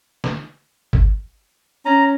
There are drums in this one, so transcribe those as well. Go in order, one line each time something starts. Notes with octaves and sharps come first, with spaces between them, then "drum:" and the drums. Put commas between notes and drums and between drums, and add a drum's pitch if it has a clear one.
drum: snare
drum: kick
C#4 A#5